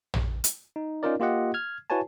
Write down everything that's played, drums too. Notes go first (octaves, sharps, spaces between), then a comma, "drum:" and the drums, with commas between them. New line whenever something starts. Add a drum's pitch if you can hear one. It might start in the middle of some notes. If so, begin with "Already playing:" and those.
drum: tom
drum: hi-hat
D#4
C#4 D#4 F4 A#4 D5
A#3 F4 G4 D#5 F#5
F6 G#6
E4 F#4 B4 C#5 G#5 A5